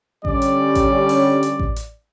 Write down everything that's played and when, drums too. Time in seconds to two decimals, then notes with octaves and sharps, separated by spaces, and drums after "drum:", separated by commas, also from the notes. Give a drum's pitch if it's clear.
0.25 D3 G3 C#4 D5, drum: kick A1
0.42 drum: hi-hat
0.75 drum: kick A1, hi-hat
1.09 drum: open hi-hat
1.43 drum: hi-hat
1.59 drum: kick A1
1.76 drum: hi-hat